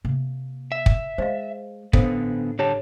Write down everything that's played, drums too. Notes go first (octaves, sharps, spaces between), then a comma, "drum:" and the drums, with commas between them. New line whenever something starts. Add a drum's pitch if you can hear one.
C3 A#3
E5
drum: kick
G#3 C5 D#5 F5
A1 D3 B3 A4 C5 F5, drum: kick
D3 G4 C#5 A5